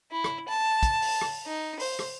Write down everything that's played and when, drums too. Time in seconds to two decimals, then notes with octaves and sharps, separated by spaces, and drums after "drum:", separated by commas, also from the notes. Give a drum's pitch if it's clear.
0.11 E4
0.24 drum: rim click
0.49 A5
0.83 drum: kick, hi-hat
1.02 drum: open hi-hat
1.21 drum: rim click
1.47 D#4
1.80 C5, drum: open hi-hat
1.99 drum: rim click